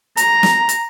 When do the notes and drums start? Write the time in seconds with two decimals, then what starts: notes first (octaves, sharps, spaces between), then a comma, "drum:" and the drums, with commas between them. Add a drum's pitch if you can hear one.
0.17 A#5, drum: hi-hat
0.43 drum: snare
0.69 drum: hi-hat